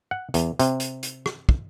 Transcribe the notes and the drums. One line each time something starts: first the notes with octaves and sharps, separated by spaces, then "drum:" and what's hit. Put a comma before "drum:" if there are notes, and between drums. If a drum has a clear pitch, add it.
F#5
E2, drum: hi-hat
C3, drum: hi-hat
drum: hi-hat
drum: hi-hat
drum: rim click
drum: kick